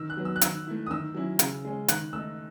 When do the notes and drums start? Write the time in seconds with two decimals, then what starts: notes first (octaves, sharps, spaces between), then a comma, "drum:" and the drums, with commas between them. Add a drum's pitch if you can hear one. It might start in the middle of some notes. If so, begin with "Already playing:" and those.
Already playing: D#3 E6
0.10 F#6
0.17 F#3 B3
0.25 E6
0.36 F#6
0.41 D#3 E6, drum: hi-hat
0.67 A3 E4
0.86 D#6
0.90 D#3 E6
1.15 F#3 C#4 E4
1.39 C#3, drum: hi-hat
1.65 G#3 C#4
1.88 D#3 F#6, drum: hi-hat
2.13 A3 D#4 E6